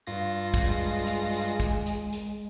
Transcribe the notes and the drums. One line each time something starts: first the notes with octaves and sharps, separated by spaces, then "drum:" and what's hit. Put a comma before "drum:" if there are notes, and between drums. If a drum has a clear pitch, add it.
G2 F4 A#6
G#3, drum: kick, hi-hat
drum: hi-hat
drum: hi-hat
drum: kick, hi-hat
drum: hi-hat
drum: hi-hat